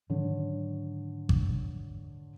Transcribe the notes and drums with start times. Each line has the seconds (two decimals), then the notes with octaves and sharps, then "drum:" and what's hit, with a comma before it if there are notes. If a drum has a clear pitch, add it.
0.10 G#2 D3 D#3 F#3 C#5
1.29 drum: kick G#1